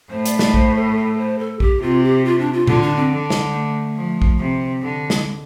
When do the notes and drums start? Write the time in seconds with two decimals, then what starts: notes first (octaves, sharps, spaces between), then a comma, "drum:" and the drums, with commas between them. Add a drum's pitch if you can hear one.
0.11 A2 C5
0.26 D5, drum: hi-hat
0.39 D5, drum: snare
0.54 C5, drum: kick A#1
0.75 A4
0.97 A4
1.18 C5
1.39 A4
1.60 G4, drum: kick A#1
1.82 C3 F4
2.04 G4
2.25 F4
2.39 D4
2.53 F4
2.67 D3 F4, drum: tom A2
2.82 D4
2.96 C4
3.10 D3
3.30 drum: snare
3.53 A3
3.96 F3
4.22 drum: kick A#1
4.39 C3
4.81 D3
5.10 drum: snare